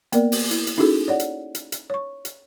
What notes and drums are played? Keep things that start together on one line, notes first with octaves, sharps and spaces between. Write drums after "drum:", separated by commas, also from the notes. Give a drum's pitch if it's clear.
A#3 B3 A#4 D5, drum: hi-hat
drum: open hi-hat
E4, drum: hi-hat
drum: hi-hat
C#4 D#4 E4 F#4 G#4 A4
C#5 D5 F#5
drum: hi-hat
drum: hi-hat
drum: hi-hat
C#5 C#6
drum: hi-hat